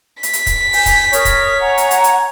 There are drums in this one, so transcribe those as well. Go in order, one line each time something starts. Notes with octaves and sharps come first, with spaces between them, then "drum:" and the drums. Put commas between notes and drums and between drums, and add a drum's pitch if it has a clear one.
B6, drum: hi-hat
drum: hi-hat
drum: kick, hi-hat
G#5 G6, drum: open hi-hat
drum: kick, hi-hat
A#4 C#5 D#6, drum: hi-hat
drum: kick, hi-hat
F#5 G#5 A#5
drum: hi-hat
drum: hi-hat
drum: hi-hat